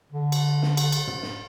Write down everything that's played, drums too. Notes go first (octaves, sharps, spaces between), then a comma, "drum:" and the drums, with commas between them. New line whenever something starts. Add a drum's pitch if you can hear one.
D3
drum: cymbal
drum: snare
drum: cymbal
drum: cymbal
drum: tom
drum: snare